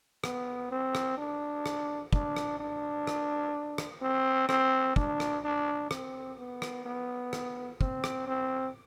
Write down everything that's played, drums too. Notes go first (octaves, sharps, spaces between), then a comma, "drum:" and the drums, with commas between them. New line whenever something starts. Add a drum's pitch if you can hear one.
B3, drum: rim click
C4
drum: rim click
D4
drum: rim click
D4, drum: kick
drum: rim click
D4
drum: rim click
drum: rim click
C4
C4, drum: rim click
D4, drum: kick
drum: rim click
D4
C4, drum: rim click
B3
drum: rim click
B3
drum: rim click
C4, drum: kick
drum: rim click
C4